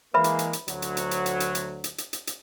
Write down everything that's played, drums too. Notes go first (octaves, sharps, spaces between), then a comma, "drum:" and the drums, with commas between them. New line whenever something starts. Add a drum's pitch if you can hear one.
E3 G#3 A#3 B4 E5 B5
drum: hi-hat
drum: hi-hat
drum: hi-hat
D2 F#3, drum: hi-hat
drum: hi-hat
drum: hi-hat
drum: hi-hat
drum: hi-hat
drum: hi-hat
drum: hi-hat
drum: hi-hat
drum: hi-hat
drum: hi-hat
drum: hi-hat